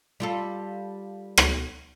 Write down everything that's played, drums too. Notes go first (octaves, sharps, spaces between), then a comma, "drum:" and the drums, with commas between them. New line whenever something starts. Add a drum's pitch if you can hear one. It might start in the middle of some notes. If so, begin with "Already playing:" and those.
G3 F4 A4
drum: rim click